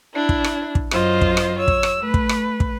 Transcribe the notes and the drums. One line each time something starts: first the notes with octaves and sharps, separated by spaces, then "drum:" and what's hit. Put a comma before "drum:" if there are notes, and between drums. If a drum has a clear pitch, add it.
D4 E4
drum: kick
drum: rim click
drum: kick
F#2 F4 C5 D#5, drum: rim click
drum: kick
drum: rim click
C#5 E6
drum: kick
drum: rim click
A3 B4
drum: kick
drum: rim click
drum: kick